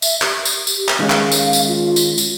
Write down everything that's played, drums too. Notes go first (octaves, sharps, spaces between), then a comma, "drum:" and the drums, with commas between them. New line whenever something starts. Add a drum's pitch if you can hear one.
E5, drum: tambourine
G4, drum: clap
drum: tambourine
drum: tambourine
drum: clap
D#3 G#3 C#4 F5
drum: clap
drum: tambourine
drum: tambourine
F4
drum: tambourine
drum: tambourine